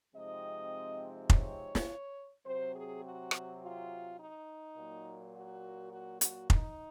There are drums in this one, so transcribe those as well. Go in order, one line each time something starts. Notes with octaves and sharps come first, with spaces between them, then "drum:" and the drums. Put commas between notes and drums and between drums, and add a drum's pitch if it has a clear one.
C3 F3 G#3 C4 D#4 D#5
C#5, drum: kick F1
drum: snare
C3 F#3 C4 C5
G#4
F#4
drum: rim click
F4
D#4
A#2 F#3 A#3
F#4
F#4
F#4, drum: hi-hat
D#4, drum: kick F1